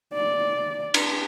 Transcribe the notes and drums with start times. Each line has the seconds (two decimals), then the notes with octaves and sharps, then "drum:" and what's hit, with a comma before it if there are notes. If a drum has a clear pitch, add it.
0.14 D5
0.94 drum: cymbal